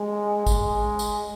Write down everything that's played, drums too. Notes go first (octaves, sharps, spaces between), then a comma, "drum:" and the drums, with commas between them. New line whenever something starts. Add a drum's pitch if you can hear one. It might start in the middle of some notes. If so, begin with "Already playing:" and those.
Already playing: G#3
G#3, drum: kick, tambourine
drum: tambourine